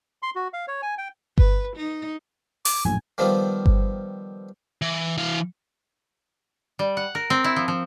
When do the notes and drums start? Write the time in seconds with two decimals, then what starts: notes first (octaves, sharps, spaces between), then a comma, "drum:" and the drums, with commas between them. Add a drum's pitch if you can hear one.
0.23 C6
0.36 F#4
0.53 F5
0.68 C#5
0.82 G#5
0.98 G5
1.38 B4, drum: kick G1
1.76 D#4
2.65 D6, drum: open hi-hat
2.85 A#1 F#2 A2 G#5
3.18 D#3 F3 G3 B3 C4 F4
3.66 drum: kick G1
4.82 E3
5.17 E3 F5
6.79 G3
6.97 F#5
7.15 A#4
7.30 C4
7.44 E4
7.56 F3
7.68 F3